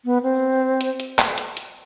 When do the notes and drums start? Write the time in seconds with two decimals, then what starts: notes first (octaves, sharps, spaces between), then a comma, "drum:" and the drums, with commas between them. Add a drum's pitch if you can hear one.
0.05 B3
0.23 C4
0.81 drum: hi-hat
1.00 drum: hi-hat
1.19 drum: clap
1.38 drum: hi-hat
1.57 drum: hi-hat